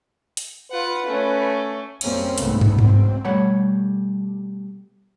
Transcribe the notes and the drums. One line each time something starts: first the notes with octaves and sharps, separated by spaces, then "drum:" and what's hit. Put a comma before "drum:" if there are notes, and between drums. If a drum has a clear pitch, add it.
drum: hi-hat
F4 B4 F#5
A3 C#4
F#2 G3 A#3 C4 C#4, drum: cymbal
C2 G#2 C#3 A3 B3, drum: hi-hat
drum: tom
E2 G#2 F#3 C4, drum: tom
B2 G3 A3 C#5 F#5 B5